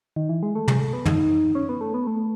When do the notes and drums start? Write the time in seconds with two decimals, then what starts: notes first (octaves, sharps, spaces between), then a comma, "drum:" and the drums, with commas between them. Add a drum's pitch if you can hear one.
0.16 D#3
0.29 E3
0.43 G#3
0.55 A3
0.68 G#3, drum: tom
0.80 A3
0.93 B3
1.05 D#4, drum: tom
1.55 C#4
1.69 B3
1.81 A3
1.94 B3
2.07 A3